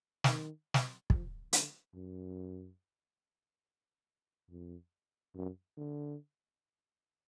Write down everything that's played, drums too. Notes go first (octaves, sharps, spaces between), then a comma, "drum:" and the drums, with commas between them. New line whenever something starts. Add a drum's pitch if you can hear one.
D#3, drum: snare
drum: snare
F3, drum: kick
D3, drum: hi-hat
F#2
F2
F#2
D3